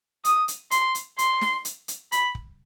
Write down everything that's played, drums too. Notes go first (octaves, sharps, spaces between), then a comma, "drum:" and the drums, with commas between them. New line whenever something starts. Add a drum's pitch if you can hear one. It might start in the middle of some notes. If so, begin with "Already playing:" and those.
D#6, drum: hi-hat
drum: hi-hat
C6, drum: hi-hat
drum: hi-hat
C6, drum: hi-hat
drum: snare
drum: hi-hat
drum: hi-hat
B5, drum: hi-hat
drum: kick